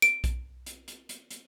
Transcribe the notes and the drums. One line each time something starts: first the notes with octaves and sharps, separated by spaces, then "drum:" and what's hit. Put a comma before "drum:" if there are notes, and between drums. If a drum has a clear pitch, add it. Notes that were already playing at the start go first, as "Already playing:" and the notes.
D7, drum: hi-hat
drum: kick A#1, hi-hat
drum: hi-hat
drum: hi-hat
drum: hi-hat
drum: hi-hat